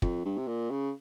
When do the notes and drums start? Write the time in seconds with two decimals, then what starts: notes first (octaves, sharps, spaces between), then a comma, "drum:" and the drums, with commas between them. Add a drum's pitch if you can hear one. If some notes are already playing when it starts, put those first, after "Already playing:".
0.02 F2, drum: kick
0.25 G2
0.37 C3
0.47 A#2
0.71 C#3